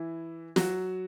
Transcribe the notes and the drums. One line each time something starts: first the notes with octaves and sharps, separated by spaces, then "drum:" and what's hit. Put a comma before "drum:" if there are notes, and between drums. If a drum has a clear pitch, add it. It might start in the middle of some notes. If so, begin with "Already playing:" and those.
Already playing: E3 E4
F#3 F#4, drum: snare